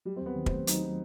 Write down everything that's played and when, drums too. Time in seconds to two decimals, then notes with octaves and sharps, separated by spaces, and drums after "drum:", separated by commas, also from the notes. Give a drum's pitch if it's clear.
0.06 F#3 G3
0.16 C4
0.21 D#2 B3
0.36 D#3
0.46 C4, drum: kick
0.52 A3
0.67 F#3 D#4, drum: hi-hat
0.83 D#4